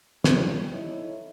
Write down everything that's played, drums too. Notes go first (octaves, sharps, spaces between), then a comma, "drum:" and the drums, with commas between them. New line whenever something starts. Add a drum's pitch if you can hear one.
F3 G3 B3 C#4, drum: snare
D#4 E4 A4 C#5